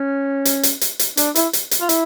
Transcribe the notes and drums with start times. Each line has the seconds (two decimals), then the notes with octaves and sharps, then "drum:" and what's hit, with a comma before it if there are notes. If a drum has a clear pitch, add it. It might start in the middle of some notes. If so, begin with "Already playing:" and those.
Already playing: C#4
0.45 drum: hi-hat
0.63 drum: hi-hat
0.81 drum: hi-hat
0.99 drum: hi-hat
1.17 D4, drum: hi-hat
1.35 E4, drum: hi-hat
1.53 drum: hi-hat
1.71 drum: hi-hat
1.81 F4
1.89 E4, drum: hi-hat